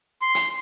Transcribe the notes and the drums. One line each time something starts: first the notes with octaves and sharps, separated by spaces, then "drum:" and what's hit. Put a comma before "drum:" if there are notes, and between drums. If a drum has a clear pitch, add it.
C6
drum: hi-hat